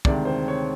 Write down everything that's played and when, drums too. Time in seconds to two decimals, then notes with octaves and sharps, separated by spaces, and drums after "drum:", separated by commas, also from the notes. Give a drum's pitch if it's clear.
0.05 D2 C3 D#3 G#3 D5, drum: kick
0.25 C5
0.48 C#5